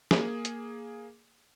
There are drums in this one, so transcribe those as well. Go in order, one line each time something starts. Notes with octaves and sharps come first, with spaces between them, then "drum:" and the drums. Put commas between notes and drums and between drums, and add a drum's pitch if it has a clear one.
A#3 G#4, drum: snare
drum: hi-hat